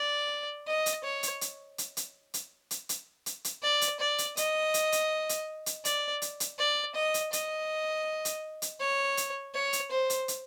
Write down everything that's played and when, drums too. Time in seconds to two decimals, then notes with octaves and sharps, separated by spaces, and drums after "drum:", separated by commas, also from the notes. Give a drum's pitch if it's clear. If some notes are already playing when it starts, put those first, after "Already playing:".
Already playing: D5
0.68 D#5
0.86 drum: hi-hat
1.04 C#5
1.23 drum: hi-hat
1.41 drum: hi-hat
1.78 drum: hi-hat
1.97 drum: hi-hat
2.34 drum: hi-hat
2.71 drum: hi-hat
2.89 drum: hi-hat
3.26 drum: hi-hat
3.45 drum: hi-hat
3.63 D5
3.81 drum: hi-hat
4.00 D5
4.18 drum: hi-hat
4.37 D#5, drum: hi-hat
4.74 drum: hi-hat
4.92 drum: hi-hat
5.29 drum: hi-hat
5.66 drum: hi-hat
5.85 D5, drum: hi-hat
6.22 drum: hi-hat
6.40 drum: hi-hat
6.59 D5
6.95 D#5
7.14 drum: hi-hat
7.33 D#5, drum: hi-hat
8.25 drum: hi-hat
8.62 drum: hi-hat
8.80 C#5
9.17 drum: hi-hat
9.55 C#5
9.73 drum: hi-hat
9.91 C5
10.10 drum: hi-hat
10.28 drum: hi-hat